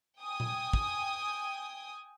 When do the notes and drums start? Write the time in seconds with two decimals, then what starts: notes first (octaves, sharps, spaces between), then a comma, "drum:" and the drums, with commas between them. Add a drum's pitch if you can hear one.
0.20 G5 G#5 D#6
0.40 drum: tom A#2
0.73 drum: kick